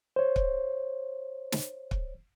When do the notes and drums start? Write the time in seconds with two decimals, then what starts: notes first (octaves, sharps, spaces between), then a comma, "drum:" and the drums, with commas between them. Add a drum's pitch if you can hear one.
0.16 C5 C#5
0.36 drum: kick
1.52 drum: snare
1.91 drum: kick